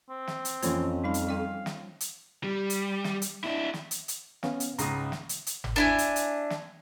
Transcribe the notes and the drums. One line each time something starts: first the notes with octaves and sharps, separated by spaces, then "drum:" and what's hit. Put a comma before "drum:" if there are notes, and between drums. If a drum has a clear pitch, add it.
C4
drum: snare
drum: hi-hat
F2 E3 F3 A#3 C#4, drum: hi-hat
G3 D#4 F5 A5
drum: hi-hat
G3 D#5 G5
drum: snare
drum: hi-hat
G3
drum: hi-hat
drum: snare
drum: hi-hat
D4 E4
drum: snare
drum: hi-hat
drum: hi-hat
B3 C#4 F5, drum: snare
drum: hi-hat
C#2 G#2 C#3 A#5 D#6, drum: hi-hat
drum: snare
drum: hi-hat
drum: hi-hat
drum: tom G1
D4 E4 G#5
drum: hi-hat
drum: hi-hat
drum: snare